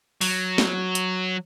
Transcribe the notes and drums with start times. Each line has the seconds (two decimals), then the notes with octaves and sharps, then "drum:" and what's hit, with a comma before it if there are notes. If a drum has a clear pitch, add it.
0.21 F#3, drum: open hi-hat
0.58 drum: snare
0.95 drum: hi-hat